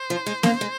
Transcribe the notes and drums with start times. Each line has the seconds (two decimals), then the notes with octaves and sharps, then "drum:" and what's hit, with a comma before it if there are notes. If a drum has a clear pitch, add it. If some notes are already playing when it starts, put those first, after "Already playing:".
Already playing: C5
0.10 F3
0.26 G#3
0.43 A#3, drum: snare B3
0.61 G#3